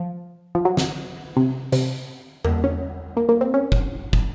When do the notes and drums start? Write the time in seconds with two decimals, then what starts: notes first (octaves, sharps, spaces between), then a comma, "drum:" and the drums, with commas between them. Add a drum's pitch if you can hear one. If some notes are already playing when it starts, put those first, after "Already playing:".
Already playing: F3
0.55 F3
0.65 F#3
0.77 drum: snare
1.37 C3
1.72 C3, drum: hi-hat
2.45 A#3, drum: tom E2
2.64 C#4
3.17 A#3
3.29 A#3
3.41 C4
3.54 C#4
3.72 drum: kick
4.13 drum: kick